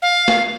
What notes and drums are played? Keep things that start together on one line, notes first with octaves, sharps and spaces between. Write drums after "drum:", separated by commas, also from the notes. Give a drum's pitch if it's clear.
F5
drum: snare